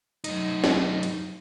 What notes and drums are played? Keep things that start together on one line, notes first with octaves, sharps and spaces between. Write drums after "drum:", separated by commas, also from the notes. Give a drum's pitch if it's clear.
F#2 D#4, drum: hi-hat
drum: snare
drum: hi-hat